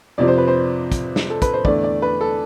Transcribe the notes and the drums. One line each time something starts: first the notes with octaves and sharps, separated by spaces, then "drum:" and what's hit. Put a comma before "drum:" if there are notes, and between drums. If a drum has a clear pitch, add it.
F2 C3 F3 D5
C5
B4
C5
drum: kick, hi-hat
drum: snare
A4
B4, drum: kick, hi-hat
C5
E2 D3 A3 D5, drum: kick
D5
B4
A4